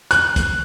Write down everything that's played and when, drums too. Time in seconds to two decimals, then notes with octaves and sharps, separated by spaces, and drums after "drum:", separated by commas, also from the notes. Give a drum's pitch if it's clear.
0.11 F#6, drum: hi-hat
0.36 drum: kick, hi-hat